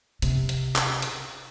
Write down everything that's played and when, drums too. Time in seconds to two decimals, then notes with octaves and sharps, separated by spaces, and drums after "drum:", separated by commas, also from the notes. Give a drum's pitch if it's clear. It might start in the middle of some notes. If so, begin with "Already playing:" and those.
0.22 C3, drum: hi-hat
0.49 drum: hi-hat
0.76 drum: clap
1.02 drum: hi-hat